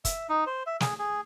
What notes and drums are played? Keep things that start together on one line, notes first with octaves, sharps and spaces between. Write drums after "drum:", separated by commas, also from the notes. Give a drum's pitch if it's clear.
E5, drum: kick, hi-hat
D#4
C5
E5
G#4, drum: snare
G#4